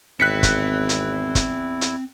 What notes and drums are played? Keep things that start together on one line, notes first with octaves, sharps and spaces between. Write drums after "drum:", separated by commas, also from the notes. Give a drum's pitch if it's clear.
G#1 E2 C4 E4 G5 F#6 B6 C#7
drum: kick, hi-hat
drum: hi-hat
drum: kick, hi-hat
drum: hi-hat